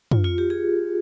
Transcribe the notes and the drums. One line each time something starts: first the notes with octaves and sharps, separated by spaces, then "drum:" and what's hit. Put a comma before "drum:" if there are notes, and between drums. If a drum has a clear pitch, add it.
F4, drum: tom
F4
G4
G#4